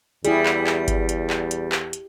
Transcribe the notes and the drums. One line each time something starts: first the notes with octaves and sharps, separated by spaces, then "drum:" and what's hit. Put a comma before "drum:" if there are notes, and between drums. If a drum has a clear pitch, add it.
E2 G3 E4 G4 G#4, drum: hi-hat
drum: clap
drum: clap
drum: kick G1, hi-hat
drum: hi-hat
drum: clap
drum: hi-hat
drum: clap
drum: hi-hat